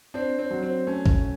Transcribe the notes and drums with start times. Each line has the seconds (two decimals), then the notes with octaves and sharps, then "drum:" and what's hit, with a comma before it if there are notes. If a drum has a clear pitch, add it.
0.14 C4 D4
0.39 C4
0.51 F#3
0.63 C4
0.87 A3 C#4
1.06 drum: kick